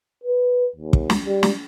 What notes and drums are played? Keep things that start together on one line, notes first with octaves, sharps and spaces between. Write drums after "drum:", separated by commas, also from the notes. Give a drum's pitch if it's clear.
B4
D#2
drum: kick
drum: snare
G3
drum: snare